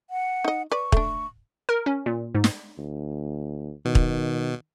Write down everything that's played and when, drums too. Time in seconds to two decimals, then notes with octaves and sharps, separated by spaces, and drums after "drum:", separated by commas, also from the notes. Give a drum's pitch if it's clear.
0.10 F#5
0.44 D#4 D#5
0.72 B4 D5 C#6
0.92 A3 D4, drum: kick
1.69 A#4
1.86 C#4
2.06 A#2
2.35 G#2
2.44 drum: snare
2.78 D2
3.85 B2 D#3
3.95 drum: kick